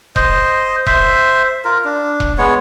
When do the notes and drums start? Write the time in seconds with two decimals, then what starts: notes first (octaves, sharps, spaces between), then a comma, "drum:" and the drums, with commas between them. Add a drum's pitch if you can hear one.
0.16 C5 D#5, drum: kick E1
0.86 C5 E5, drum: kick E1
1.65 F4 A#4
1.85 D4
2.20 drum: kick E1
2.38 G#3 B3 C#5